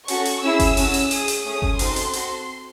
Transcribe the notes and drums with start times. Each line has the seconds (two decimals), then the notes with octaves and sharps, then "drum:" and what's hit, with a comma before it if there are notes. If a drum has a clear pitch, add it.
0.08 C#4 F#4 A4 C#6, drum: hi-hat
0.25 drum: hi-hat
0.42 C#4 E4 G#4 E6
0.60 drum: kick G1, hi-hat
0.77 C#4 F#4 A4, drum: open hi-hat
0.94 drum: hi-hat
1.11 C#4 G#4 D#6, drum: hi-hat
1.28 drum: hi-hat
1.45 A3 C#4 G#4 D#6
1.62 drum: kick G1
1.79 C4 D#4 F#4 A4 C6, drum: open hi-hat
1.96 drum: hi-hat
2.13 C4 F#4 A4, drum: hi-hat